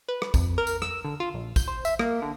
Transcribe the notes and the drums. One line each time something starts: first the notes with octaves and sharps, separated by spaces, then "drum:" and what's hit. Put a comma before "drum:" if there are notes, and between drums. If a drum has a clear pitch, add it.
B4
drum: rim click
F2, drum: kick, tambourine
A#4
drum: tambourine
E6, drum: rim click
D3
F4
A#1
G6, drum: kick, tambourine
C5
E5, drum: tambourine
A#3, drum: rim click
D3